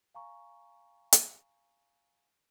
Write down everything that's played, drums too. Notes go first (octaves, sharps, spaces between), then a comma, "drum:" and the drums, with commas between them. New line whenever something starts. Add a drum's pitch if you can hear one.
F5 G#5 A#5 C#6
drum: hi-hat